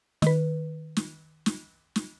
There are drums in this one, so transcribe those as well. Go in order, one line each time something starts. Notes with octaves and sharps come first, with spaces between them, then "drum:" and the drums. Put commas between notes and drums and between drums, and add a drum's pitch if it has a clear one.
D#3 B4, drum: snare
drum: snare
drum: snare
drum: snare